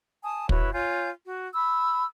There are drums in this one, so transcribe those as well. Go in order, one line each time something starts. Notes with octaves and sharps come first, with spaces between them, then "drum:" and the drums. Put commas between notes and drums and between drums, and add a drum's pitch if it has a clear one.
G#5 A5 D#6
E4 F#4 B4 C#5, drum: kick
F4 C#5 G#5 G6
F#4
B5 E6